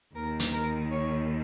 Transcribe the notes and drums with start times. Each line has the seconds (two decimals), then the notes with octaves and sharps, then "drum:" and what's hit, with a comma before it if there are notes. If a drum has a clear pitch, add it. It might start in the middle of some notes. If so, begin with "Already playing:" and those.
0.14 D#2 D#3 A#4
0.40 drum: hi-hat
0.53 A#4
0.91 C#5